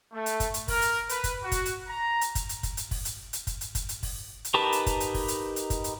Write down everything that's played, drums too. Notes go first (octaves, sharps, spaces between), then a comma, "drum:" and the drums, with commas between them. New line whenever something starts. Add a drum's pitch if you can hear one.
A3
drum: hi-hat
drum: kick, hi-hat
drum: hi-hat
A#4, drum: kick, open hi-hat
drum: hi-hat
B4, drum: hi-hat
drum: kick, hi-hat
F#4
drum: kick, hi-hat
drum: hi-hat
A#5
drum: hi-hat
drum: kick, hi-hat
drum: hi-hat
drum: kick, hi-hat
drum: hi-hat
drum: kick, open hi-hat
drum: hi-hat
drum: hi-hat
drum: kick, hi-hat
drum: hi-hat
drum: kick, hi-hat
drum: hi-hat
drum: kick, open hi-hat
drum: hi-hat
D#4 G4 A#4 B4 A5
drum: hi-hat
drum: kick, hi-hat
drum: hi-hat
drum: kick, open hi-hat
drum: hi-hat
drum: hi-hat
drum: kick, hi-hat
drum: hi-hat